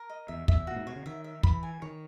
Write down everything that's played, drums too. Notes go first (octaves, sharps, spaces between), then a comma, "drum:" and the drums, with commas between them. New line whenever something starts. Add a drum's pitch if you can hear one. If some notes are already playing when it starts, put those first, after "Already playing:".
Already playing: A#4
D#5
E2 E5
E2 E5, drum: kick
A#2 F#4
G#2
B2 C#5
C#3
D#3 E5
E5
E3 B5, drum: kick
G#5
D#3 C#5